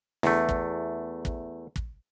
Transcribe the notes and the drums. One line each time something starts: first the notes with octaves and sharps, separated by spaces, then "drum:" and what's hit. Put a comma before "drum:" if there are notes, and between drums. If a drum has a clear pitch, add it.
E2 A3, drum: snare
drum: kick
drum: kick
drum: kick